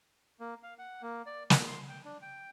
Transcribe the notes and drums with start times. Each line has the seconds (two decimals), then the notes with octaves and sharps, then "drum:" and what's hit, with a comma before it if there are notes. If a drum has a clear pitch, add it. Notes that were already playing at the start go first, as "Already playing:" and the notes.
0.40 A#3
0.63 F5
0.79 F#5
1.02 A#3
1.26 D5
1.50 G5, drum: snare
1.67 C6
1.89 G5
2.05 D4
2.22 G5